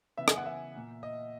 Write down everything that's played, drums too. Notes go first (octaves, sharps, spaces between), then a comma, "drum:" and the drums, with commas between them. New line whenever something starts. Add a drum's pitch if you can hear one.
C#3 E3 B3 E5
G#5, drum: rim click
F#5
E5
A#2 A#3
D#5